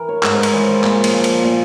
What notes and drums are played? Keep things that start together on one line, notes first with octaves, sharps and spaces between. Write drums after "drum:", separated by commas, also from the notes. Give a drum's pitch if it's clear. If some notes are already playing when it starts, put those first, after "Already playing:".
Already playing: E3 A#4
C#5
G#2 C5, drum: clap
C5 C#5
drum: cymbal
E3 C5
C5
A#2, drum: clap
drum: cymbal
F3
drum: cymbal
A#2